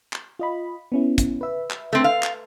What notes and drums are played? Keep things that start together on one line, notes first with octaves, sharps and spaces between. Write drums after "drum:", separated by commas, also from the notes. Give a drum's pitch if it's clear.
drum: clap
F4 D#5 B5
B3 C#4 E4
drum: kick, hi-hat
B4 E5
drum: clap
A3 C4
F5
drum: clap